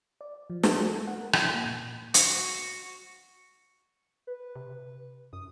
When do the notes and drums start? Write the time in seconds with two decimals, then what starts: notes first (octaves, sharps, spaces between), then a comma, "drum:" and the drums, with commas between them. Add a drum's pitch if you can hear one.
0.21 D5
0.50 F3
0.63 G#4, drum: snare
0.87 A4
1.07 F#5
1.22 A#4
1.33 drum: rim click
1.54 A#3
1.66 A#2
2.14 F#4, drum: hi-hat
4.27 B4
4.56 C3
5.33 F#2 D#6